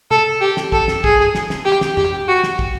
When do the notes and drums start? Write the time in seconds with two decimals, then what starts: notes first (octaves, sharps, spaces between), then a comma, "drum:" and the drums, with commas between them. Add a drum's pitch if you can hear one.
0.11 A4, drum: tom
0.41 G4
0.57 drum: snare
0.72 A4, drum: kick
0.88 drum: snare
1.04 G#4, drum: kick
1.35 drum: snare
1.50 drum: snare
1.65 G4
1.81 drum: snare
1.97 G4, drum: tom
2.28 F#4
2.43 drum: snare
2.59 drum: kick